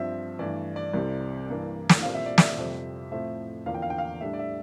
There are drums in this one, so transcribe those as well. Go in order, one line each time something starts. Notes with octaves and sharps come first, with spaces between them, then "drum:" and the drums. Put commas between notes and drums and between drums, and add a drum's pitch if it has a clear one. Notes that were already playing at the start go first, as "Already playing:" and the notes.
Already playing: G2 F3 C4 E5
G2 E3 A3 D5
D5
C2 C3 G3 C4
G2 E3 A#3 D4
drum: snare
A#2 G3 C4 F5
E5
D5
E5, drum: snare
F2 C3 G3 C4
A2 F3 A3 C4 E5
E2 D3 F3 A#3 F5
G5
F5
G5
F5
A2 G3 D4 E5
D5
E5